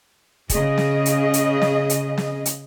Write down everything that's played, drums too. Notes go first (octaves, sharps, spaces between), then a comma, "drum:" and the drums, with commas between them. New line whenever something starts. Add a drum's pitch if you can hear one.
C#3 G#4 D#5, drum: kick, hi-hat
drum: snare
drum: hi-hat
drum: hi-hat
drum: snare
drum: hi-hat
drum: snare
drum: hi-hat